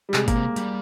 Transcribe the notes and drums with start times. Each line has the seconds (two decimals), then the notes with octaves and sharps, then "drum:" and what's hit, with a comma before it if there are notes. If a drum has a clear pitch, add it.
0.09 G3
0.14 C3 G#3, drum: clap
0.25 A#2
0.28 A#3, drum: kick G1, hi-hat
0.36 C3
0.56 G3, drum: hi-hat